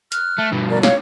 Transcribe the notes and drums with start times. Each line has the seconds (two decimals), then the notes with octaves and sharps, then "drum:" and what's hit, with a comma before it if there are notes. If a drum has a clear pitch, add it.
0.12 F6 F#6, drum: hi-hat
0.39 A3
0.52 G2 B2
0.70 A#4 D5
0.83 C#5 F5, drum: snare